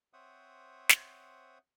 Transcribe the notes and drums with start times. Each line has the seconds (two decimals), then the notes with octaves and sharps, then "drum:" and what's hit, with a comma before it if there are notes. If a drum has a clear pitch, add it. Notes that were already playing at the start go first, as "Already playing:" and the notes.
0.13 C4 C5 C#5 E5 F#5 D#6
0.89 drum: snare